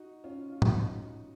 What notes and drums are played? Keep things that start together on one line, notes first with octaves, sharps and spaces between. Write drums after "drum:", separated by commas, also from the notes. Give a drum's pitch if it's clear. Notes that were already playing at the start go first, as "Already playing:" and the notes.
Already playing: D#4 F#4
C#4 F4
F4
D#4 F#4, drum: tom